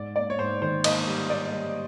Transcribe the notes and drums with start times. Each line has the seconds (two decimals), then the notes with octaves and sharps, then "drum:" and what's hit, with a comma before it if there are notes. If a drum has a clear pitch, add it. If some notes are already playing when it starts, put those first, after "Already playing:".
Already playing: G#2 D5
0.16 A#3 D5
0.30 C#5
0.39 G#2 C5
0.62 D#3 C5
0.84 A#3 D#5, drum: cymbal
1.07 G3
1.29 A#3 D5
1.52 G3